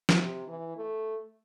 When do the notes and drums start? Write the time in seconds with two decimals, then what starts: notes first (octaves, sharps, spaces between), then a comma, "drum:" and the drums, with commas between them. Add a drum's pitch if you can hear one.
0.09 drum: snare
0.19 C3
0.48 E3
0.77 A3